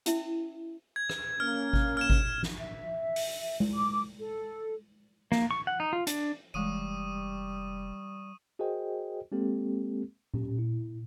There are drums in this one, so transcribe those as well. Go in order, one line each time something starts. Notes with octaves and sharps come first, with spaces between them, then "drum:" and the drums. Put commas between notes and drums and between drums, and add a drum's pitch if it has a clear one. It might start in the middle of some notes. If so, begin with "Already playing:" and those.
C#4 E4 E5, drum: hi-hat
G#6
drum: rim click
A#3 C#4 F6
drum: kick G#1
F6 G#6 E7
drum: kick G#1
drum: snare
E5
drum: open hi-hat
drum: tom G#3
D6
A4
A#3, drum: snare
C#6
F#5
D#4
F4
D4, drum: hi-hat
F1 E3 G3 G#3 C#6 D#6 D#7
F#4 G#4 A#4 C5 D#5 G5
G#3 A#3 C4 G4 A4
C#4 G4, drum: tom A#2
E4